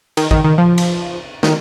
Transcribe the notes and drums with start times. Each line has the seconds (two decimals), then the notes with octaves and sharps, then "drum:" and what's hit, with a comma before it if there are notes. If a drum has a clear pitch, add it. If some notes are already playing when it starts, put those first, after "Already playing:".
0.17 D#3, drum: cymbal
0.31 D#3, drum: kick
0.44 D#3
0.58 F3
0.78 drum: cymbal
1.43 D#3, drum: snare